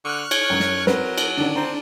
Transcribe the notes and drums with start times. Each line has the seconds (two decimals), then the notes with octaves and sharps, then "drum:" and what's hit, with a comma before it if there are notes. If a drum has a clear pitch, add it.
0.05 D3 C#6 F6 F#6
0.31 C#5, drum: cymbal
0.50 F#2
0.60 drum: snare
0.87 F#3 C4 A#4 B4, drum: snare
1.18 drum: cymbal
1.38 D3 D#3 C#4 D4
1.56 C4 A#5